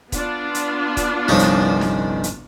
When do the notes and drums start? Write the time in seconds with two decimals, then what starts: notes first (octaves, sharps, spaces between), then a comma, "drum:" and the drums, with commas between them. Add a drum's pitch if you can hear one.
0.12 B3 D4 F4, drum: kick E1, hi-hat
0.55 drum: hi-hat
0.97 drum: kick E1, hi-hat
1.28 G1 C2 F3 C#4 D#4
1.39 drum: hi-hat
1.81 drum: snare
2.24 drum: hi-hat